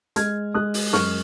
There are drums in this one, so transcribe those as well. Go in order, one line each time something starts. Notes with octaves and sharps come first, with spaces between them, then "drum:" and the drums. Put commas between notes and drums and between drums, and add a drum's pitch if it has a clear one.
G#3 F6 G#6, drum: hi-hat
G#3 D#6 F#6
drum: open hi-hat
F#2 C#6 F6, drum: snare